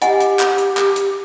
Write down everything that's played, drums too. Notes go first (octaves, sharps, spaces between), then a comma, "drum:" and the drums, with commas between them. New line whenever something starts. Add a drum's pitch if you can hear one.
G4 D#5 F#5 G#5, drum: hi-hat
drum: hi-hat
drum: clap
drum: hi-hat
drum: clap
drum: hi-hat